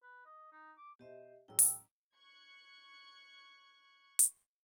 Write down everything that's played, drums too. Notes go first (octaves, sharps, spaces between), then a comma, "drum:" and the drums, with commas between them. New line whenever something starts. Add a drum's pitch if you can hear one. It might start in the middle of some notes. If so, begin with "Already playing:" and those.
B4
D#5
D#4
D6
B2 G4 C5 D#5 E5
A1 F#3 G#3 G5 E6
drum: open hi-hat
C#6 F#6 G#6 C#7
drum: hi-hat